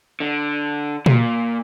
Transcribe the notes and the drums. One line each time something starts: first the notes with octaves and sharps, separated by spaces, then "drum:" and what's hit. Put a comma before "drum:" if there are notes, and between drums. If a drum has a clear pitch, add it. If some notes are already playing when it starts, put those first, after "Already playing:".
D3
A#2, drum: tom A#2